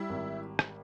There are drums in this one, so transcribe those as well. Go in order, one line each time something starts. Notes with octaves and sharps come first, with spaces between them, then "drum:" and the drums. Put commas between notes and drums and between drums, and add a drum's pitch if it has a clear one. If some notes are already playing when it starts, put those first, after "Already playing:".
Already playing: G3 E4
G#1
drum: rim click